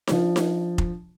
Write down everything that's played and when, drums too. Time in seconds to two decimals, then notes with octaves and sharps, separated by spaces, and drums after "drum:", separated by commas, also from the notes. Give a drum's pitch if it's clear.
0.07 F3 D4, drum: snare D#4
0.36 drum: snare D#4
0.78 drum: kick F1